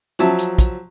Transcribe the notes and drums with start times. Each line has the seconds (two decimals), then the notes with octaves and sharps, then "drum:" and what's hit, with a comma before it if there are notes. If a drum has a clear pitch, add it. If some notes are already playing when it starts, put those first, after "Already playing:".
0.19 F3 F#3 E5 A5, drum: hi-hat
0.39 drum: hi-hat
0.58 drum: kick, hi-hat